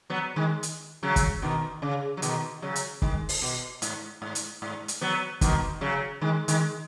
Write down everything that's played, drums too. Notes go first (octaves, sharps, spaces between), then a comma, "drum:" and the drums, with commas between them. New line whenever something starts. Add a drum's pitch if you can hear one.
F#3 B3
D#3 G#3
drum: hi-hat
C#3 F#3
drum: kick, hi-hat
B2 D#3
C#3
F#3
B2 D#3, drum: hi-hat
C#3 F#3
drum: hi-hat
D#3 G#3, drum: kick
drum: open hi-hat
B2
G#2, drum: hi-hat
G#2
drum: hi-hat
G#2
drum: hi-hat
F#3 B3
B2 D#3, drum: kick, hi-hat
C#3 F#3
D#3 G#3
D#3 G#3, drum: hi-hat